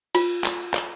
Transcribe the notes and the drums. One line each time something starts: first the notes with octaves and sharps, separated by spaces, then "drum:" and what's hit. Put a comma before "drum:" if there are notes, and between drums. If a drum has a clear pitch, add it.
F4, drum: cymbal
drum: clap
drum: clap